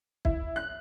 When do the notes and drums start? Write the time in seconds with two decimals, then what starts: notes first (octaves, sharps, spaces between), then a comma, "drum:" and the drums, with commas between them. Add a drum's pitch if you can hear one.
0.25 E4, drum: kick
0.56 F#6